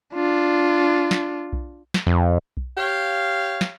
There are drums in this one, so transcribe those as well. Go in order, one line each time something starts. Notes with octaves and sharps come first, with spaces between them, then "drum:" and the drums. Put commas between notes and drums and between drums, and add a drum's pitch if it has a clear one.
D4 F4
drum: snare
drum: kick B1
drum: snare
F2
drum: kick B1
G4 C#5 F5
drum: snare